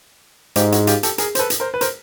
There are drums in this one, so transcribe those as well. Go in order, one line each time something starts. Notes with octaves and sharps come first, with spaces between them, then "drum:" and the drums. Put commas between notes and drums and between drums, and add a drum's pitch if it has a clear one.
G#2 F4 G4, drum: hi-hat
E4 F#4, drum: hi-hat
F4 G4, drum: hi-hat
G4 A4, drum: hi-hat
G#4 A#4, drum: hi-hat
C5, drum: hi-hat
A4 B4
drum: hi-hat
A#4 C5
B4
A#4 C5, drum: hi-hat